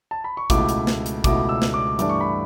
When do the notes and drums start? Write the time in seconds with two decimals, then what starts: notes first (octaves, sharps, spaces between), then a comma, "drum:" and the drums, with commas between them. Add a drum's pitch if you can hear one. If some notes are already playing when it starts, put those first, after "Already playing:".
0.11 A5
0.24 B5
0.37 C#6
0.50 C#2 B2 A3 E4 D6, drum: kick, hi-hat
0.69 drum: hi-hat
0.87 drum: snare
1.06 drum: hi-hat
1.24 C#2 B2 A3 E4 D6, drum: kick, hi-hat
1.49 E6
1.62 drum: snare
1.74 D6
1.99 G2 E3 A3 D4 D6, drum: hi-hat
2.09 C#6
2.21 B5